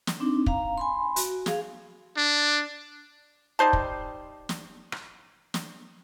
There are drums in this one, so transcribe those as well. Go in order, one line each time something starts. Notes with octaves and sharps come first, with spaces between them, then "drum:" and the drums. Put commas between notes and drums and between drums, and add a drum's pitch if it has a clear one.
drum: snare
C4 D4 D#4
F5 A#5, drum: kick
G#5 B5 C6
F#4, drum: hi-hat
G#4 F5, drum: snare
D4
G3 D#4 C5 A5
drum: kick
drum: snare
drum: rim click
drum: snare